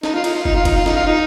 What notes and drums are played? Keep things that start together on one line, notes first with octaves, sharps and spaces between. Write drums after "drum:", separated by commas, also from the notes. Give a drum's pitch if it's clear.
D#4, drum: snare
F4
D#4, drum: cymbal
F4
D#4, drum: kick
F4
D#4, drum: kick, cymbal
F4
D#4, drum: snare
F4
D#4